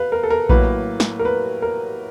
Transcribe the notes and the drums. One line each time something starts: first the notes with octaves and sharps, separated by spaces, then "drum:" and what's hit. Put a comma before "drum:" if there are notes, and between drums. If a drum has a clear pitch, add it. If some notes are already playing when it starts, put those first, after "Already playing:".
Already playing: B4 F5
A#4
A4
A#4
A2 F#3 A#3 B4, drum: kick A#1
drum: snare
A#4
B4
A#4